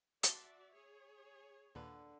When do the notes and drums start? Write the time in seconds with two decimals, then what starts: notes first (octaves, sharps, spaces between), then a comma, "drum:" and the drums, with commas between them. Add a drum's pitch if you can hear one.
0.23 F#4 D5 E5 A5 C6, drum: hi-hat
0.73 G#4 C#5
1.75 D#2 A#2 D3 B4